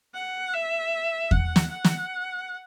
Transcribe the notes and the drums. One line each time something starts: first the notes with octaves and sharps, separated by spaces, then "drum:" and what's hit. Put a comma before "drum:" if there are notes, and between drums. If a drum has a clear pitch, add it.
F#5
E5
F#5, drum: kick E2
drum: snare
F#5
drum: snare